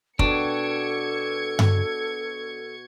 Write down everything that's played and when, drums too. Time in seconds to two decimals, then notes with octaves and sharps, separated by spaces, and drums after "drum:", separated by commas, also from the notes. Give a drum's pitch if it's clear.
0.19 B2 D4 F#4 A4 G5 G#6 C#7, drum: kick
1.59 drum: tom G2